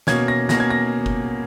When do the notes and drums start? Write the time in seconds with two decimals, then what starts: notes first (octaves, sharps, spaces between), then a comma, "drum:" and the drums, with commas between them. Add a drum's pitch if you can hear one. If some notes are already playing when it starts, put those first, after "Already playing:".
0.07 B2 A#3 C#4 G#6, drum: snare
0.28 A#6
0.49 B2 A#3 C#4 A#6, drum: snare
0.60 G#6
0.70 A#6
1.06 drum: kick F#1